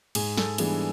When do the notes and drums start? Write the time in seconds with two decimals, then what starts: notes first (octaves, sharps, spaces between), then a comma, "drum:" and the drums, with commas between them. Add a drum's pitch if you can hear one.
0.15 G#2 G#4, drum: cymbal
0.37 A4, drum: snare
0.58 E3 G3 B3 D4 G#4, drum: cymbal